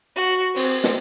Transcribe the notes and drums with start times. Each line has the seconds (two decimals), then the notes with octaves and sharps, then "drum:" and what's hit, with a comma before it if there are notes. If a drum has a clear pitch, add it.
0.17 F#4
0.56 C4, drum: open hi-hat
0.84 drum: snare